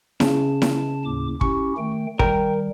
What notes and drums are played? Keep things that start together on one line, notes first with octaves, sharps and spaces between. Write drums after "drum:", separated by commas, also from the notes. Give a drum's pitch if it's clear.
C#3 A5, drum: snare E4
drum: snare E4
D#2 A2 D6
C#4 E4 G4 C#6, drum: kick
D#3 A3 G5
D#3 G3 A#4 G5, drum: kick